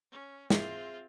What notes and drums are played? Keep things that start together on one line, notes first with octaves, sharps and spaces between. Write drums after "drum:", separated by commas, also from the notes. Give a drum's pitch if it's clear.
C#4
C4 F4 G#4 E5 C7, drum: snare